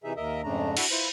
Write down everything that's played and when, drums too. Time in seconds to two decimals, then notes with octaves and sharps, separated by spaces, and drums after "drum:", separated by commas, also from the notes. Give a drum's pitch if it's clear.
0.04 C3 E3 D#4 G#4 E5
0.17 D#2 A#4 D#5 E5
0.43 F2 G#2 C#3 A3 D4 A#5
0.77 D4 E4 F#4 A4 F#5, drum: cymbal
0.91 E4 F4 B4 C5